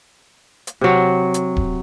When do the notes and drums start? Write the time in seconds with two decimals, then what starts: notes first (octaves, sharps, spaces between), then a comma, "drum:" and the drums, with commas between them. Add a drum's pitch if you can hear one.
0.67 drum: hi-hat
0.81 C3 F#3
1.34 drum: hi-hat
1.56 drum: kick D1